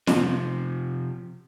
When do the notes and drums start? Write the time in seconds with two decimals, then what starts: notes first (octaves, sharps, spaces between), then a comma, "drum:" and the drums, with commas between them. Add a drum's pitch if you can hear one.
0.07 C3 F3, drum: snare